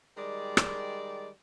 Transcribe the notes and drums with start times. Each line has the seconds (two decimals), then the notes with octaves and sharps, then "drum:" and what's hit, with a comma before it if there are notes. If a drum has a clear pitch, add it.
0.17 D#3 G3 G#3 D5
0.57 drum: rim click